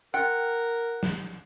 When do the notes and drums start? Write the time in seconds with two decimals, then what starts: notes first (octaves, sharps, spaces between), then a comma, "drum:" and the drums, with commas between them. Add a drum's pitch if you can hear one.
0.14 F4 A#4 F#5 G5
1.03 drum: snare